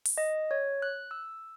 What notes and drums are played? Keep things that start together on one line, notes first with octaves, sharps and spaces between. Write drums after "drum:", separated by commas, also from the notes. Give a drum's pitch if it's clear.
drum: open hi-hat
D#5
C#5
F#6
E6